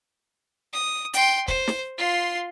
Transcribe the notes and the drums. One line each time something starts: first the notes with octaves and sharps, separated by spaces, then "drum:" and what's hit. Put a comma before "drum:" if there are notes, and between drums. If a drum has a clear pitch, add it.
D#6
G5 C6, drum: hi-hat
C5, drum: kick
drum: snare
F4 C6